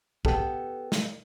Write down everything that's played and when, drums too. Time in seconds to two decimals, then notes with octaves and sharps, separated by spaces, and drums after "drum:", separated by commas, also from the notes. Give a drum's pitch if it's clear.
0.25 B3 G4 A4, drum: kick
0.92 drum: snare